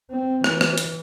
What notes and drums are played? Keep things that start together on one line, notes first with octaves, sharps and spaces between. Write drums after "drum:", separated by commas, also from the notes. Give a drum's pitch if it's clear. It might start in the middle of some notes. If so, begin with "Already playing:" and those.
C4
E3, drum: rim click
drum: rim click
drum: hi-hat